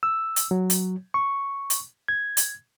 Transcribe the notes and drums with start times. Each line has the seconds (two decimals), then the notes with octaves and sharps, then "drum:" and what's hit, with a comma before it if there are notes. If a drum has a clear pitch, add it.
0.03 E6
0.36 drum: hi-hat
0.51 F#3
0.70 drum: hi-hat
1.14 C#6
1.70 drum: hi-hat
2.08 G#6
2.37 drum: hi-hat